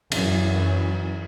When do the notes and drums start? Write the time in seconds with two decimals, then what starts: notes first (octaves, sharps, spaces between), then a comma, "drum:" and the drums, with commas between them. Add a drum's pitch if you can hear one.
0.12 F#2 E3, drum: cymbal